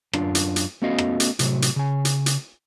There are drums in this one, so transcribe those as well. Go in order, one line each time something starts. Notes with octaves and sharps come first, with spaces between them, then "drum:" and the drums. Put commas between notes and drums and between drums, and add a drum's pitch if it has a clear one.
F#2 D4 F4, drum: rim click
drum: hi-hat
drum: hi-hat
A3 B3 C#4 F#4 D#5 F5
drum: rim click
drum: hi-hat
A2 C3 F#3, drum: hi-hat
drum: hi-hat
C#3 G#5
drum: hi-hat
drum: hi-hat